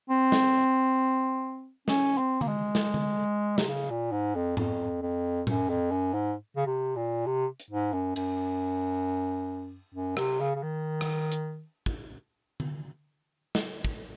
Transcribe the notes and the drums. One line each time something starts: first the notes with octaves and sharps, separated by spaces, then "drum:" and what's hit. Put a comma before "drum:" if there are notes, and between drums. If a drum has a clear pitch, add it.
C4
drum: snare
C#4, drum: snare
C4
A#3, drum: tom D3
G#3
drum: snare
drum: tom D3
C3, drum: snare
C#3
A#2
G#2
F2
F2, drum: tom G#2
F2
F#2, drum: tom A2
F2
F#2
G#2
C#3
C3
A#2
C3
drum: hi-hat
G#2
F#2
F#2, drum: cymbal
F#2
C3, drum: rim click
C#3
C#3
D#3
drum: rim click
drum: hi-hat
drum: kick
drum: tom D3
drum: snare
drum: kick